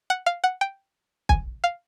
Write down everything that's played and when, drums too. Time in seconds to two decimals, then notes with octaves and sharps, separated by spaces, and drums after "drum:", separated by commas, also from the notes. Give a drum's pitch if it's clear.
0.10 F#5
0.26 F5
0.44 F#5
0.61 G5
1.29 G#5, drum: kick
1.64 F5